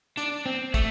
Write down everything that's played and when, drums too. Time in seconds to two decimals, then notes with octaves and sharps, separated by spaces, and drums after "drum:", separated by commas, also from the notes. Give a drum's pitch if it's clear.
0.17 D4, drum: hi-hat
0.46 C4
0.74 A3, drum: kick, hi-hat